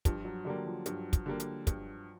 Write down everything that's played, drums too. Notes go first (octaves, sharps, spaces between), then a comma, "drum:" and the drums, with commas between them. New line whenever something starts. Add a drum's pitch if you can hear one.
G2 F3, drum: kick, hi-hat
F#3
D3 F#3 G3 A#3
F3
G2 F#3, drum: hi-hat
drum: kick, hi-hat
D3 G3 A#3
drum: hi-hat
G2, drum: kick, hi-hat